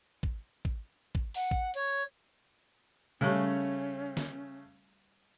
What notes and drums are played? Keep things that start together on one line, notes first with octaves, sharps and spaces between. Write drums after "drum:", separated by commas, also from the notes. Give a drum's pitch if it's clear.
drum: kick
drum: kick
drum: kick
F#5, drum: open hi-hat
drum: kick
C#5, drum: hi-hat
C#3 G3 A3 C#4 G4
drum: snare